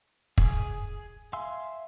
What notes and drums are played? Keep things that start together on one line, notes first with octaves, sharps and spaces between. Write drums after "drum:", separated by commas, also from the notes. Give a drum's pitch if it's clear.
G#4, drum: kick
E5 F5 G#5 C6 E6